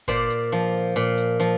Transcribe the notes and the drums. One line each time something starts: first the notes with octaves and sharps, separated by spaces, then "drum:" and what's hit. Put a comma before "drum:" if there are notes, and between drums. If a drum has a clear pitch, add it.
A#2 C5 D5, drum: snare G1
drum: hi-hat
F3, drum: open hi-hat
drum: open hi-hat
A#2, drum: hi-hat
drum: hi-hat
F3, drum: hi-hat